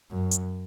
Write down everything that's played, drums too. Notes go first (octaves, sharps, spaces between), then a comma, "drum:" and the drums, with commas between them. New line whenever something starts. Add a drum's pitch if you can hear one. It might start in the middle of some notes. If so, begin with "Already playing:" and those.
F#2
drum: hi-hat